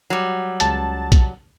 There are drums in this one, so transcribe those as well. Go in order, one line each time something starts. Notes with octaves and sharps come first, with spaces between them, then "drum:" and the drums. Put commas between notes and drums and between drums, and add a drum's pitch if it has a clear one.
F#3 G3
C#2 A5 A6, drum: hi-hat
drum: kick B1, hi-hat